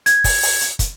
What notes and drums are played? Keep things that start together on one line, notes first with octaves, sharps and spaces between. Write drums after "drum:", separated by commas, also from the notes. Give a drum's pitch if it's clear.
G#6, drum: hi-hat
drum: kick, open hi-hat
drum: open hi-hat
drum: hi-hat
drum: kick, hi-hat